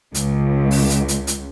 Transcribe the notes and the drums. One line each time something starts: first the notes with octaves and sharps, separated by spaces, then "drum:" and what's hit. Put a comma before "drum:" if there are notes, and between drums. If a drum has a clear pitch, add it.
C#2, drum: hi-hat
drum: open hi-hat
drum: hi-hat
drum: hi-hat
drum: hi-hat